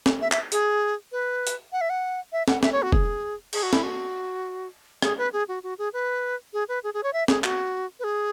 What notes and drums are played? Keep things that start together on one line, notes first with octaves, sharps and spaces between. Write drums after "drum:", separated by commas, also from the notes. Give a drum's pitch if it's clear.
drum: snare
E5
E5, drum: clap
G#4, drum: hi-hat
B4
drum: hi-hat
F#5
E5
F#5
E5
F#5, drum: snare
E5, drum: snare
C#5
F#4
G#4, drum: kick
G#4, drum: cymbal
F#4
E4, drum: snare
F#4
G#4, drum: rim click
B4
G#4
F#4
F#4
G#4
B4
G#4
B4
G#4
G#4
C#5
E5
G#4, drum: snare
F#4, drum: clap
B4
G#4